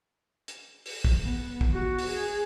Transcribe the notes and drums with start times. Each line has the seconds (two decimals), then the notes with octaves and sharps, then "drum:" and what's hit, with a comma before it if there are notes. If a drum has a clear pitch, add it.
0.48 drum: hi-hat
0.86 drum: open hi-hat
1.05 drum: kick
1.23 B3
1.61 drum: kick
1.73 F#4
1.99 drum: open hi-hat
2.10 G#4